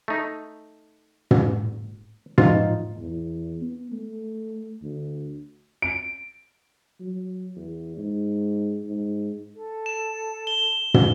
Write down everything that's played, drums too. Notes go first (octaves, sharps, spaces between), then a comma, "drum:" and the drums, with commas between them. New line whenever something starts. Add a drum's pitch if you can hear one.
A3 D#4
drum: tom
F3 D#4 F4, drum: tom
E2
B3
A3
D2
D7
F#3
E2
G#2
G#2
A4
E7
G7
drum: tom